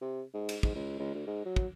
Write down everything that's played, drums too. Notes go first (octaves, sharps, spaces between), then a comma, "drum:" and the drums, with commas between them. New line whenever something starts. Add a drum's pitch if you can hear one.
C3
G#2
drum: cymbal
G#2, drum: kick
C#2
C#2
D2
G#2
F#3
drum: kick